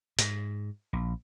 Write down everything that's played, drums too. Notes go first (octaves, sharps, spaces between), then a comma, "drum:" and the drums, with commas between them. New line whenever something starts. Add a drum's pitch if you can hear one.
G#2, drum: hi-hat
A#1